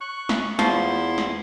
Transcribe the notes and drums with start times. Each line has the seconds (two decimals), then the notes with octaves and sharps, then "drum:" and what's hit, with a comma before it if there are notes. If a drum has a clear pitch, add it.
0.01 C#6 F#6
0.29 drum: snare
0.59 E2 F3 E4 C6, drum: snare
1.18 drum: snare